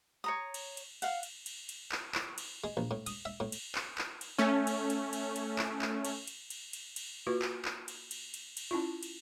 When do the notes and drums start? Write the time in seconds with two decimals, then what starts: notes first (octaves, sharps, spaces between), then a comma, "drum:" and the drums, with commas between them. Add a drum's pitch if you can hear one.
0.24 C#5 A#5 D#6
0.54 drum: cymbal
0.77 drum: cymbal
1.02 F5 F#5, drum: cymbal
1.23 drum: cymbal
1.46 drum: cymbal
1.69 drum: cymbal
1.92 drum: clap
2.15 drum: clap
2.38 drum: cymbal
2.64 G#3
2.77 A#1
2.91 A2
3.06 D#6, drum: cymbal
3.25 E5
3.40 A2
3.52 drum: cymbal
3.75 drum: clap
3.98 drum: clap
4.21 drum: cymbal
4.38 A3 C#4
4.67 drum: cymbal
4.90 drum: cymbal
5.13 drum: cymbal
5.36 drum: cymbal
5.59 drum: clap
5.82 drum: clap
6.05 drum: cymbal
6.27 drum: cymbal
6.50 drum: cymbal
6.73 drum: cymbal
6.96 drum: cymbal
7.27 A#3 F4 F#4 B4
7.42 drum: clap
7.65 drum: clap
7.88 drum: cymbal
8.11 drum: cymbal
8.34 drum: cymbal
8.57 drum: cymbal
8.71 C#4 E4 F4
9.03 drum: cymbal